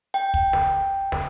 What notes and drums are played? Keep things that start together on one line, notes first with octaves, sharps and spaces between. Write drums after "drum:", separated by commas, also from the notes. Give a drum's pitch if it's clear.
G5
drum: kick
drum: snare
drum: snare